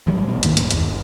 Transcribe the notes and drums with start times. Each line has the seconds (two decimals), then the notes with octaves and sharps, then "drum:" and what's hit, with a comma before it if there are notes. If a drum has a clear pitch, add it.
0.07 A1 F#3 G3
0.24 A#1 B2
0.43 C2 G#2 D#3 A#3, drum: hi-hat
0.57 D#1, drum: hi-hat
0.71 F#1 D#2, drum: hi-hat
0.82 G1